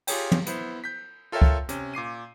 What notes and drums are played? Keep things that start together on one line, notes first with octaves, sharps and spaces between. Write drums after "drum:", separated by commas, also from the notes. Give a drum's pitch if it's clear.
F4 G4 G#4 C#5 G5, drum: cymbal
drum: tom
B3 E4 C5, drum: hi-hat
G6 B6
F4 A4 A#4 C#5 E5 G5
drum: kick
C3 C#4, drum: hi-hat
A#2 D6 C7 D#7